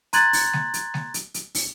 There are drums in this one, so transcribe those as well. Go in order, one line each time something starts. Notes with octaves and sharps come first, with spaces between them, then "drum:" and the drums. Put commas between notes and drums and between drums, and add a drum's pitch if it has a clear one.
A#5 C6 F#6 G#6 A6 F#7, drum: hi-hat
drum: open hi-hat
drum: snare G#3
drum: hi-hat
drum: snare G#3
drum: hi-hat
drum: hi-hat
drum: open hi-hat